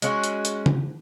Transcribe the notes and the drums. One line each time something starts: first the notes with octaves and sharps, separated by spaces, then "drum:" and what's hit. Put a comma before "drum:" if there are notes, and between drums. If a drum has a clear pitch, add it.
G#3 C#4 F#4, drum: hi-hat
drum: hi-hat
drum: hi-hat
drum: tom C#3